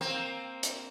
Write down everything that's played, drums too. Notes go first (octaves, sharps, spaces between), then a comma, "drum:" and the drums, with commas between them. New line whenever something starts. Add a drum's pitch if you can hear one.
A#3 C4
drum: hi-hat